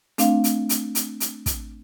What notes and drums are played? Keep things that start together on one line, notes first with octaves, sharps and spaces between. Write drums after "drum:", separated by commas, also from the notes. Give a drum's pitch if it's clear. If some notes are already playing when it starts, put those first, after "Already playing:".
A3 C4 D4 F5, drum: hi-hat
drum: hi-hat
drum: hi-hat
drum: hi-hat
drum: hi-hat
drum: kick, hi-hat